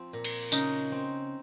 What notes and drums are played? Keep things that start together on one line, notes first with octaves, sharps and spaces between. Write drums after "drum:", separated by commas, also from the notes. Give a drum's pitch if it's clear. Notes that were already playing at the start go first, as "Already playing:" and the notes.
Already playing: F3 C4
A#2
drum: cymbal
C#3 D#4, drum: tambourine
C4